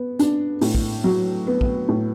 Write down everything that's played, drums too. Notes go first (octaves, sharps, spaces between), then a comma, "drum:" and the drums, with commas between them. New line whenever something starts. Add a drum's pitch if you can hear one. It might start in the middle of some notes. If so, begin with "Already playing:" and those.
Already playing: B3
D4, drum: hi-hat
A2, drum: open hi-hat
drum: kick
F#3
B3
drum: kick
A2